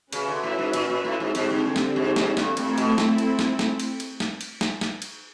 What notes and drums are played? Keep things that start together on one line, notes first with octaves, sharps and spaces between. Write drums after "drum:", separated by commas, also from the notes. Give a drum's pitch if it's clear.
C#3 C#4 F#4 B4 E5, drum: cymbal
D3
A2
G#2
A#2, drum: cymbal
A#2
A2
G#2
G#2 D3 G3 C4, drum: cymbal
G#2
G2
drum: snare
G#2
G#2, drum: snare
G2, drum: snare
G2 A3 C4 E4, drum: cymbal
A#2
B2, drum: cymbal
drum: snare
drum: cymbal
drum: snare
drum: snare
drum: cymbal
drum: cymbal
drum: snare
drum: cymbal
drum: snare
drum: snare
drum: cymbal